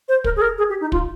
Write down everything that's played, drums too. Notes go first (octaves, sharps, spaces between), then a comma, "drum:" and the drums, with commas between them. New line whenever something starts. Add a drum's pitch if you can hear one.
C5
A#4, drum: kick
G#4
A#4
G#4
G4
D#4
F4, drum: kick